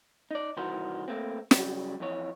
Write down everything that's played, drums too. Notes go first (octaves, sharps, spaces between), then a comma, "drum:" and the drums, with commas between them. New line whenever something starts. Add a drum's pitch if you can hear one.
D#4 D5
C2 D#3 E3 F#4 A#4 C5
A3 A#3 C4
C#3 F#3 G3, drum: snare
F2 E3 C#5